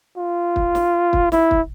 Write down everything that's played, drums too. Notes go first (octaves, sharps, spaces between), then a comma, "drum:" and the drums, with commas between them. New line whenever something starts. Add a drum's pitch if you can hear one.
F4
drum: kick
drum: snare
drum: kick
E4, drum: snare
drum: kick